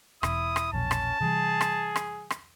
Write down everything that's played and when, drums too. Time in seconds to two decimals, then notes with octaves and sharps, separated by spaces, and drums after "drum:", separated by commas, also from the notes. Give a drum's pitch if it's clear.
0.23 E1 E2 E4 D#6, drum: rim click
0.56 drum: rim click
0.73 E1 A#1 C#4 A5
0.91 drum: rim click
1.21 C3 E3 G3 G#4
1.61 drum: rim click
1.96 drum: rim click
2.30 drum: rim click